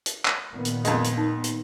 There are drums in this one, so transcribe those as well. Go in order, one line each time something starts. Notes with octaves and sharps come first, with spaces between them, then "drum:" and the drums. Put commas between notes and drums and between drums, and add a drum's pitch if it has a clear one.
drum: hi-hat
drum: clap
A#2 D#3 B3
drum: hi-hat
F2 G#3, drum: hi-hat
drum: hi-hat
D#4
drum: hi-hat